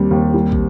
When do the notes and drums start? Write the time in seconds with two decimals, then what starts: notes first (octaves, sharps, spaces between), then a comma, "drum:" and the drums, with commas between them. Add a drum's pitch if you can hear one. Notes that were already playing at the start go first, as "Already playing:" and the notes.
Already playing: D#2 G3 C4
0.11 D#2
0.34 G3
0.52 drum: kick